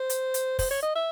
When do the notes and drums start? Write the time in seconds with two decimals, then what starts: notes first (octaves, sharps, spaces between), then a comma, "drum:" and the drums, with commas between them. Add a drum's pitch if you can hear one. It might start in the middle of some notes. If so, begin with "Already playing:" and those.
Already playing: C5
0.10 drum: hi-hat
0.34 drum: hi-hat
0.59 C5, drum: kick, open hi-hat
0.71 C#5
0.82 D#5
0.95 E5